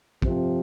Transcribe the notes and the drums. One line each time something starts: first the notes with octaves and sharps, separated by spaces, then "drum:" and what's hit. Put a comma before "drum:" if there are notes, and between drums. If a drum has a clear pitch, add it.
F2 C3 F3 C4, drum: kick